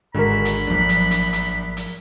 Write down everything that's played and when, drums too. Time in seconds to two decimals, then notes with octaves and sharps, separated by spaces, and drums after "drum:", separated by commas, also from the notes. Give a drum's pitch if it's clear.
0.14 G#1 D3 G#3 F#4 A#4 B5
0.45 drum: hi-hat
0.67 A#1 F3 F#3 D4
0.89 drum: hi-hat
1.11 drum: hi-hat
1.33 drum: hi-hat
1.77 drum: hi-hat